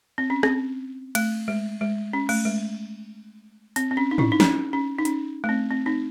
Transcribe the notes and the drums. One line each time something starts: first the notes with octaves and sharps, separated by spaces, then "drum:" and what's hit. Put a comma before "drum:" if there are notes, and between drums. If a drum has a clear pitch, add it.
C4
C#4
C4, drum: rim click
A3, drum: cymbal
G#3
G#3
C#4
A3, drum: cymbal
G#3
C4, drum: hi-hat
C4
C#4
D#4
C#4 E4, drum: tom
D#4
C#4, drum: snare
C#4
D#4
C#4, drum: hi-hat
A3
C4
C4
C4 D#4